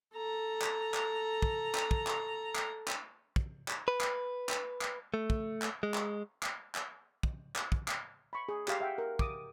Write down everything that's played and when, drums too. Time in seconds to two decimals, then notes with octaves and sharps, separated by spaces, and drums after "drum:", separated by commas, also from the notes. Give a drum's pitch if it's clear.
0.15 A4 A#5
0.62 drum: clap
0.94 drum: clap
1.42 drum: kick
1.75 drum: clap
1.91 drum: kick
2.07 drum: clap
2.55 drum: clap
2.88 drum: clap
3.36 drum: kick
3.68 drum: clap
3.88 B4
4.01 drum: clap
4.49 drum: clap
4.81 drum: clap
5.14 A3
5.30 drum: kick
5.62 drum: clap
5.83 G#3
5.94 drum: clap
6.43 drum: clap
6.75 drum: clap
7.23 drum: kick
7.56 drum: clap
7.72 drum: kick
7.88 drum: clap
8.33 B5 C#6
8.49 G#4
8.68 G4 F5, drum: clap
8.81 E5 F#5 G5
8.98 A#4
9.19 D6 D#6, drum: kick